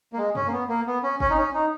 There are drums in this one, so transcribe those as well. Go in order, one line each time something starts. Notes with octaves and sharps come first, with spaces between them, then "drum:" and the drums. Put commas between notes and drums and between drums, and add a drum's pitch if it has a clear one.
A#3
G#3
C#4, drum: tom F#2
A#3
B3
A#3
B3
C#4
C#4, drum: kick
D#4
C#4
D#4